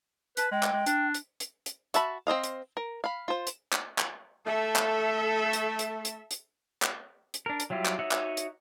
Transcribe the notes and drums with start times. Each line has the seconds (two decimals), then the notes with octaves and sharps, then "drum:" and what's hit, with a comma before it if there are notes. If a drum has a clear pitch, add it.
0.37 B4 A5, drum: hi-hat
0.51 G#3 G5
0.63 drum: clap
0.72 G#3
0.86 D4, drum: hi-hat
1.14 drum: hi-hat
1.40 drum: hi-hat
1.66 drum: hi-hat
1.94 F#4 E5 A5 B5, drum: hi-hat
2.27 C4 C5 D#5 F5
2.44 drum: hi-hat
2.77 A#4
3.04 F5 B5
3.28 F4 C5
3.47 drum: hi-hat
3.73 drum: clap
3.98 drum: clap
4.46 A3 A4 E5
4.76 drum: clap
5.53 drum: hi-hat
5.79 drum: hi-hat
6.05 drum: hi-hat
6.31 drum: hi-hat
6.82 drum: clap
7.34 drum: hi-hat
7.46 D4 A#4
7.60 drum: hi-hat
7.70 F#3 G3 E4 F4 G4
7.86 drum: clap
7.99 D#4 F#4 C#5 E5 F#5
8.11 drum: clap
8.37 drum: hi-hat